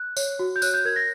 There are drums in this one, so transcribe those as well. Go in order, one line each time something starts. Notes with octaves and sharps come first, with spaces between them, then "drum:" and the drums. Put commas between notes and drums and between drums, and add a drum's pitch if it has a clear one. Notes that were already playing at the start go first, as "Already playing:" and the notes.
Already playing: F#6
C#5, drum: tambourine
F#4
G6
C#5 F#6, drum: tambourine
G6
A#4 G#6
A#6